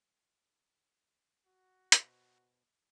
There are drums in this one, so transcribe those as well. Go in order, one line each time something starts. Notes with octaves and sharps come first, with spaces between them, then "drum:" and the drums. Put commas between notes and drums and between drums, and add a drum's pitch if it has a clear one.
F#4
B2 C5, drum: hi-hat